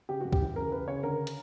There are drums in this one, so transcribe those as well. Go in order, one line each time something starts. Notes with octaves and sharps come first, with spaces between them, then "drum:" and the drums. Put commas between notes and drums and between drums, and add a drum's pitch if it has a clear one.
C#3 G4
F#2 F#4
G4, drum: kick C#2
E3
C#3 A#4
C#3 B4
C#3 C#5
D3 A#4
drum: hi-hat